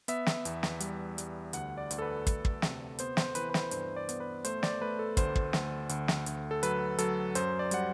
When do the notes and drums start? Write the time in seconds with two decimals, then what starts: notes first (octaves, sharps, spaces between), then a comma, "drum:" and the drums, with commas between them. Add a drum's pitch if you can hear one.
0.08 B3 E5, drum: hi-hat
0.26 drum: snare
0.45 E2, drum: hi-hat
0.63 drum: snare
0.80 G3, drum: hi-hat
1.18 G3, drum: hi-hat
1.53 D2 F#5, drum: hi-hat
1.77 D5
1.91 D2, drum: hi-hat
1.98 A4
2.02 B4
2.27 D2, drum: kick, hi-hat
2.45 drum: kick
2.62 C3, drum: snare
2.99 B3 C5, drum: hi-hat
3.17 C5, drum: snare
3.35 E3 B4, drum: hi-hat
3.50 B4
3.54 C5, drum: snare
3.71 G2 C5, drum: hi-hat
3.96 D5
4.09 B3, drum: hi-hat
4.20 B4
4.45 A3 C5, drum: hi-hat
4.63 D5, drum: snare
4.81 A3 B4
4.99 A4
5.17 D2 C5, drum: kick, hi-hat
5.35 drum: kick
5.53 D2, drum: snare
5.89 D2, drum: hi-hat
6.08 drum: snare
6.26 D2, drum: hi-hat
6.51 A4
6.63 F#3 B4, drum: hi-hat
6.99 F#3 A4, drum: hi-hat
7.35 F#2 C5, drum: hi-hat
7.59 D5
7.71 G3 F#5, drum: hi-hat